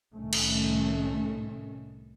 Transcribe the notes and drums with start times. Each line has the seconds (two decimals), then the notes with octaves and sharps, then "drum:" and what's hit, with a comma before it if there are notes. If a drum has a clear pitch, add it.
0.14 C2 A2 D#3 A3 C#4
0.33 drum: cymbal